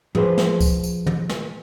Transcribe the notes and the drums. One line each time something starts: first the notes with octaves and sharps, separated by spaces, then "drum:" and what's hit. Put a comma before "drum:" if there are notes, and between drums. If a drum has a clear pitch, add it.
F3 G#4 B4 C5, drum: tom
drum: snare
drum: kick C#2, tambourine
drum: tambourine
drum: tom
drum: snare